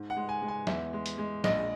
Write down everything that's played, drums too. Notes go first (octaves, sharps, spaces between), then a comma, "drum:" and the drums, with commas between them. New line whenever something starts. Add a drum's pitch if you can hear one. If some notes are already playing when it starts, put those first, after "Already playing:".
Already playing: G#2
F#5
G#3
G#5
G#3
G#5
E2 E5, drum: snare
G#3
drum: hi-hat
G#3
A#1 D#5, drum: snare